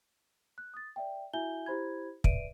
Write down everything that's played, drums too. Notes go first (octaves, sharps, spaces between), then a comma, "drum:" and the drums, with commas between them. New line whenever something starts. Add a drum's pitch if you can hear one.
F#6
D#6 A6
D5 E5 G5
E4 F#4 E5 G#5 G6 G7
E4 G4 C5 B5 G#6
B4 D5 E5 D7 D#7, drum: kick